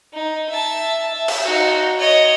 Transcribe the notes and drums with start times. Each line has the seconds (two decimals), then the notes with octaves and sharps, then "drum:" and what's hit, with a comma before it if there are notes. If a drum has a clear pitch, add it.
0.13 D#4
0.49 E5 A5
1.14 E5
1.28 drum: cymbal
1.44 D#4 F#4
1.98 C#5 D#5